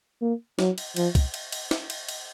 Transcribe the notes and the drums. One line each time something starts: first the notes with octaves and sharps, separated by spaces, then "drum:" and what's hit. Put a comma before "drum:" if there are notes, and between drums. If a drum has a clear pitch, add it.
A#3
F#3, drum: snare
drum: cymbal
F3, drum: cymbal
drum: kick C2, cymbal
drum: cymbal
drum: cymbal
drum: snare
drum: cymbal
drum: cymbal